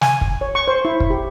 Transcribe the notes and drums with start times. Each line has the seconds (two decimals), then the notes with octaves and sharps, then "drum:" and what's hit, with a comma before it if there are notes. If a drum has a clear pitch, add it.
0.01 G#5, drum: snare
0.21 drum: kick
0.41 C#5
0.55 C#6
0.68 C5
0.85 E4
1.00 drum: kick
1.10 G4